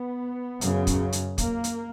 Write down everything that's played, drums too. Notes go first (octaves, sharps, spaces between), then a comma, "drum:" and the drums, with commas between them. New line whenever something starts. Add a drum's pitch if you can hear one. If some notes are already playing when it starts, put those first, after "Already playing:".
Already playing: B3
F#2 C#3, drum: hi-hat
drum: kick, hi-hat
drum: hi-hat
A#3, drum: kick, hi-hat
drum: hi-hat